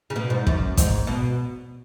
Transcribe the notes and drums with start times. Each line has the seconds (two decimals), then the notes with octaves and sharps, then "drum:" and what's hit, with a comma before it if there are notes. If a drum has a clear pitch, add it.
0.10 C#3
0.16 B2
0.30 G#2
0.47 F#2, drum: kick
0.77 G#2, drum: kick, hi-hat
1.07 B2